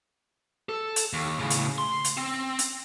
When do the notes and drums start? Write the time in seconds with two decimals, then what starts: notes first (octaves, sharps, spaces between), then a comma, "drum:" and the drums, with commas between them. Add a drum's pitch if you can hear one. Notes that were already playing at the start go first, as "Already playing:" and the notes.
0.69 A4
0.96 drum: hi-hat
1.13 D#2
1.39 A2 C#3
1.50 drum: hi-hat
1.78 C6
2.04 drum: hi-hat
2.17 C4
2.59 drum: hi-hat